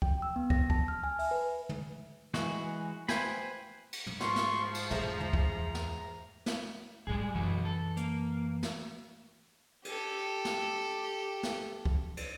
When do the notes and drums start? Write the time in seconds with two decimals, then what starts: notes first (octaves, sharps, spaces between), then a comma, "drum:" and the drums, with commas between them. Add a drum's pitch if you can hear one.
0.02 G5, drum: kick
0.22 E6
0.36 B3
0.50 A#6, drum: kick
0.70 A5, drum: kick
0.88 F6
1.03 G#5
1.19 E5, drum: open hi-hat
1.31 B4
1.69 drum: tom
2.34 E3 G#3 F#4, drum: snare
3.08 B4 C5 G5 G#5 B5, drum: snare
3.93 drum: cymbal
4.06 drum: tom
4.21 G#2 F3 C6 C#6, drum: snare
4.36 drum: snare
4.74 drum: cymbal
4.91 E2 G#4 C5 E5 A#5, drum: tom
5.20 drum: tom
5.33 drum: kick
5.75 drum: snare
6.46 drum: snare
7.07 A2 G3 G#3 E4 G#4
7.35 F#2 B2 E3 F#3 F#4
7.65 A4
7.97 A#3, drum: hi-hat
8.63 drum: snare
9.85 G4 A4, drum: cymbal
10.45 drum: snare
11.43 drum: snare
11.85 drum: kick
12.17 drum: cymbal